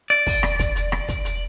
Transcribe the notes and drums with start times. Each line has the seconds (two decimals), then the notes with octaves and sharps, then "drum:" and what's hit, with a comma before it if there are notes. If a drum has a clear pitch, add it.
0.10 D5
0.26 drum: kick, open hi-hat
0.43 drum: rim click
0.59 drum: kick, hi-hat
0.76 drum: hi-hat
0.92 drum: rim click
1.08 drum: kick, hi-hat
1.25 drum: hi-hat